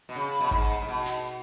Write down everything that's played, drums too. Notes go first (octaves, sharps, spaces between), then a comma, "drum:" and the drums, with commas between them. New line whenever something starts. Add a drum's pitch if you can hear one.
B2
C#3, drum: hi-hat
B2
G#2, drum: kick G#1, hi-hat
G#2
B2, drum: hi-hat
drum: snare
drum: hi-hat